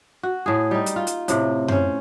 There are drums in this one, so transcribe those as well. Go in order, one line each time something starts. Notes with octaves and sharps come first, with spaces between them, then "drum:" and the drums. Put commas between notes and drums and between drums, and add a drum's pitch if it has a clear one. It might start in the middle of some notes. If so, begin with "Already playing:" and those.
F#4
A2 G#4
G3 D#4
drum: hi-hat
F4
drum: hi-hat
A2 C3, drum: hi-hat
C#4 C5, drum: tom F#2